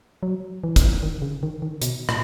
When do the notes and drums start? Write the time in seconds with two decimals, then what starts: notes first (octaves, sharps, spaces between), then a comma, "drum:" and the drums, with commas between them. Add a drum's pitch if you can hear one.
0.23 F#3
0.64 E3
0.76 drum: kick, hi-hat
1.03 D#3
1.22 C#3
1.43 D#3
1.62 D#3
1.82 B2, drum: hi-hat
2.09 A#2, drum: rim click